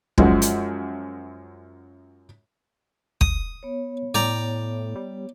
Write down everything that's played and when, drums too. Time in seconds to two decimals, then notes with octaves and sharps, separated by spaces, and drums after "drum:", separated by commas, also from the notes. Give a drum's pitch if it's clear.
0.18 F#2 F3 G#3, drum: kick
0.42 drum: hi-hat
3.21 D#6, drum: kick
3.63 B3 C#5
4.15 A2 D5 G5 A#5
4.96 G3